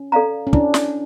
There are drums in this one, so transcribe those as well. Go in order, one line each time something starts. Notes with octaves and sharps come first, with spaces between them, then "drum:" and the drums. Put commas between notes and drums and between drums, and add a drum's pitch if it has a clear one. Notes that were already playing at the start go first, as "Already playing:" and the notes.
Already playing: C#4
A4 D5 F5 A#5
C#4
D4 E4, drum: kick
drum: snare